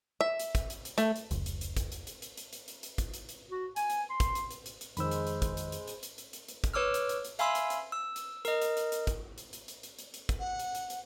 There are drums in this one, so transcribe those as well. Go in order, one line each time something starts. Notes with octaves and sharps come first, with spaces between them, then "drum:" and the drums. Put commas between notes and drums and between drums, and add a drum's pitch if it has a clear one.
E5
drum: hi-hat
drum: kick, hi-hat
drum: hi-hat
drum: hi-hat
A3, drum: hi-hat
drum: hi-hat
F1 C#2, drum: hi-hat
drum: hi-hat
drum: hi-hat
drum: kick, hi-hat
drum: hi-hat
drum: hi-hat
drum: hi-hat
drum: hi-hat
drum: hi-hat
drum: hi-hat
drum: hi-hat
drum: kick, hi-hat
drum: hi-hat
drum: hi-hat
F#4
G#5, drum: hi-hat
drum: hi-hat
C6
drum: kick, hi-hat
drum: hi-hat
drum: hi-hat
drum: hi-hat
drum: hi-hat
F2 D#3 G#3 C5 B5 E6, drum: hi-hat
drum: hi-hat
drum: hi-hat
drum: kick, hi-hat
drum: hi-hat
drum: hi-hat
drum: hi-hat
drum: hi-hat
drum: hi-hat
drum: hi-hat
drum: hi-hat
drum: kick, hi-hat
B4 C#5 D6 E6 F6
drum: hi-hat
drum: hi-hat
drum: hi-hat
E5 F5 G#5 B5 C6 E6, drum: hi-hat
drum: hi-hat
drum: hi-hat
E6
drum: hi-hat
A#4 D#5, drum: hi-hat
drum: hi-hat
drum: hi-hat
drum: hi-hat
drum: kick, hi-hat
drum: hi-hat
drum: hi-hat
drum: hi-hat
drum: hi-hat
drum: hi-hat
drum: hi-hat
drum: kick, hi-hat
F#5
drum: hi-hat
drum: hi-hat
drum: hi-hat